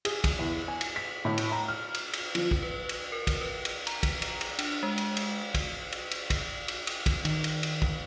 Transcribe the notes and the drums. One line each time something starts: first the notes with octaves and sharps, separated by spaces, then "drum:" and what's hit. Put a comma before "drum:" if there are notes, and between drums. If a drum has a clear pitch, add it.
G#4, drum: cymbal
drum: kick, cymbal
E2
G#5
drum: cymbal
B6
A2
drum: cymbal
A#5
F6
drum: cymbal
drum: cymbal
F3, drum: cymbal
drum: kick
B4
drum: cymbal
A#4
drum: kick, cymbal
B4
drum: cymbal
A#5, drum: cymbal
drum: kick, cymbal
drum: cymbal
drum: cymbal
D4, drum: cymbal
G#3
drum: cymbal
drum: cymbal
drum: kick, cymbal
drum: cymbal
drum: cymbal
drum: kick, cymbal
drum: cymbal
drum: cymbal
drum: kick, cymbal
D#3, drum: cymbal
drum: cymbal
drum: cymbal
drum: kick